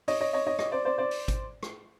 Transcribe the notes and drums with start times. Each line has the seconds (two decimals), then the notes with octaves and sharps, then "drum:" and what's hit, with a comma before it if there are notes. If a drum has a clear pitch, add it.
0.08 C#5 D#5, drum: open hi-hat
0.20 C#5 D#5
0.33 C#5 D#5
0.47 C#5 D#5
0.59 C#5 D#5, drum: rim click
0.72 C5 D5
0.85 C5 D5
0.98 C5 D5
1.11 drum: open hi-hat
1.28 drum: kick G#1, hi-hat
1.63 drum: rim click